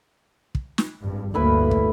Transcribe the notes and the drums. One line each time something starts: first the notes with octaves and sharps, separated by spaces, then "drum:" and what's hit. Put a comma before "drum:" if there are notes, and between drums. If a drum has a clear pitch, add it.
drum: kick
drum: snare
G#1 G2
G1 D2 A2 A#3 E4 B4
drum: kick